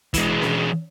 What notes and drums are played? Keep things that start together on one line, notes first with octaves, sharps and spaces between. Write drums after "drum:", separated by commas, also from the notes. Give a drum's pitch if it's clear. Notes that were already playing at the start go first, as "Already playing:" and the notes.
E3 G#3, drum: kick, hi-hat
drum: snare C#4